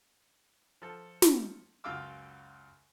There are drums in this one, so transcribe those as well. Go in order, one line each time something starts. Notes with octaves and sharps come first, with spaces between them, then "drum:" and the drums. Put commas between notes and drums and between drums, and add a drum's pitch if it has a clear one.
F3 A4
drum: snare
C#2 F#2 F4 F5 D6 E6